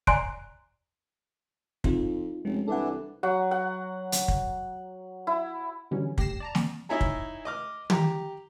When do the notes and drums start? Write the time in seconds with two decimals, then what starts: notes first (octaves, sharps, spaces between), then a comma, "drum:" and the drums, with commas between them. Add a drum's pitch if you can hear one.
0.07 D5 G#5 A#5 C6 F#6 D7, drum: kick
1.84 F2 C4 D#4 F4, drum: kick
2.45 F1 G#3 C#4
2.68 C2 E3 D4 A4 F#5
3.23 F#3 F#5
3.51 F#5
4.12 drum: hi-hat
4.28 drum: kick
5.27 E4
5.91 B2 D3 E3 F#3 G3 C#4
6.18 A2 G4 A#6 C7 E7, drum: kick
6.40 D5 A5 A#5
6.55 drum: snare
6.89 D#4 E4 C#5 E5 G#5 A#5
7.01 drum: kick
7.45 D#5 D6 F6
7.90 G4 A#5, drum: tom